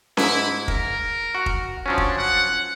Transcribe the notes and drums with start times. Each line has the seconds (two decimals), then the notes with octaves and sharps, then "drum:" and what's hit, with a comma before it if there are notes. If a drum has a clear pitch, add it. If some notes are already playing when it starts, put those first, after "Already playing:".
0.17 G#2 E4, drum: snare C#4
0.68 A#4, drum: kick
1.35 F#4
1.46 drum: kick
1.86 F3 F#3 C#4 D4
1.98 drum: kick
2.18 F#5